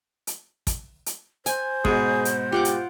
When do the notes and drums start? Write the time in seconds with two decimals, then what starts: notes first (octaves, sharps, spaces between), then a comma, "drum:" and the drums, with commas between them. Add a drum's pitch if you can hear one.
0.27 drum: hi-hat
0.67 drum: kick, hi-hat
1.06 drum: hi-hat
1.46 C5 G#5, drum: hi-hat
1.85 G#2 B2 G#4, drum: kick
2.25 drum: hi-hat
2.52 F4 G4 F#5 D6
2.65 drum: hi-hat